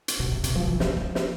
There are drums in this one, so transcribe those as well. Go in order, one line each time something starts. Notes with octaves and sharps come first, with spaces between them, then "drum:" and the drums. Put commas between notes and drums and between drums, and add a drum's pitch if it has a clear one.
drum: hi-hat
B2
C3
C3, drum: hi-hat
F3
E3
F3, drum: snare
F3
drum: snare